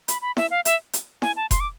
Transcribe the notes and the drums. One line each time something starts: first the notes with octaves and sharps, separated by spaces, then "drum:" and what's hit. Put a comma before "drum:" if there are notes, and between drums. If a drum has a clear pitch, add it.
B5, drum: hi-hat
B5
E5, drum: snare E4
F5
E5, drum: hi-hat
drum: hi-hat
G#5, drum: snare E4
A5
C6, drum: kick F1, hi-hat
D6